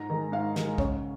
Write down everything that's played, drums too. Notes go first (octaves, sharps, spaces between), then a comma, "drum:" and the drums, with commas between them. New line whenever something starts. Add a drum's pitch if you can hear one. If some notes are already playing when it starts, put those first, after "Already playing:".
Already playing: G#2 A#5
D#3 G#3
G#2 F5
D#3 G#3, drum: snare
C#3 C#5, drum: kick B1